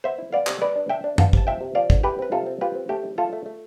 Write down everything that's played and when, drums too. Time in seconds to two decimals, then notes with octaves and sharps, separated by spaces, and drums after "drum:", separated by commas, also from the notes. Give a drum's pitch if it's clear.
0.04 B3 C5 E5
0.18 E4
0.32 B3 D5 F5
0.47 C3, drum: clap
0.62 G3 B4 D5
0.76 D4
0.89 D4 E5 G5
1.04 D4
1.18 B3 F5 A5, drum: tom F#2
1.33 C3 A5, drum: kick
1.47 F3 E5 G5
1.61 C3
1.75 F3 D5 F5
1.90 D3, drum: kick
2.03 E4 G4 B4
2.19 C4 B4
2.32 C3 F4 A4
2.46 C4
2.61 F4 G4 B4
2.75 C4
2.89 A3 G4
3.03 E4
3.18 A3 F4 A4
3.33 A3
3.46 A3